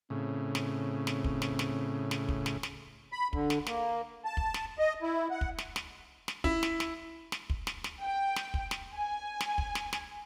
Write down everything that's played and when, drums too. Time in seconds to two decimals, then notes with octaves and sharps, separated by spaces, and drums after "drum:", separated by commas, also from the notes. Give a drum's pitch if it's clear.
0.10 A2 C#3 C4
0.55 drum: snare
1.07 drum: snare
1.24 drum: kick
1.42 drum: snare
1.59 drum: snare
2.11 drum: snare
2.29 drum: kick
2.46 drum: snare
2.63 drum: snare
3.12 B5
3.33 D3, drum: kick
3.50 drum: snare
3.67 A#3, drum: snare
4.25 A5
4.37 drum: kick
4.54 drum: snare
4.79 D#5
5.02 E4
5.31 F#5
5.41 drum: kick
5.59 drum: snare
5.76 drum: snare
6.28 drum: snare
6.44 E4, drum: kick
6.63 drum: snare
6.80 drum: snare
7.32 drum: snare
7.50 drum: kick
7.67 drum: snare
7.84 drum: snare
8.01 G5
8.36 drum: snare
8.54 drum: kick
8.71 drum: snare
8.95 G#5
9.41 drum: snare
9.58 drum: kick
9.75 drum: snare
9.93 drum: snare